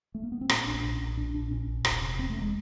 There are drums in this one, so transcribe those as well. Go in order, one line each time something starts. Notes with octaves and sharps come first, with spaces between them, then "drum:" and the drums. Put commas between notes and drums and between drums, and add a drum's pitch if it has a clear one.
A3
A#3
B3
C4
A#2 C#4, drum: rim click
A#1 D4
A#2
A#1
A#2 D4
A#1 D4
A#2 C#4
A#1
E1, drum: rim click
C3
E2 C4
A3
E1
G#3